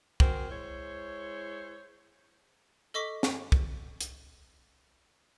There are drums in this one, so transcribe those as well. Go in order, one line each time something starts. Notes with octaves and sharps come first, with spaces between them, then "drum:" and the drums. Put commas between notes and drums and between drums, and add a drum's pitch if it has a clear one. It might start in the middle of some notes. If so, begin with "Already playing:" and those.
C4 F#4 G#4 A#4 C5, drum: kick
G#3 E4 C5 C#5
A4 D#5 C#6 D6 B6
drum: snare
drum: kick
drum: hi-hat